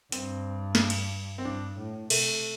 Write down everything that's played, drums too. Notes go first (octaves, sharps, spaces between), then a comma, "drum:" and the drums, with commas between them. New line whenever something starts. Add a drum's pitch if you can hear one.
G2 C4, drum: hi-hat
drum: snare
drum: cymbal
C4
G2 D4
A2
C3 A3, drum: cymbal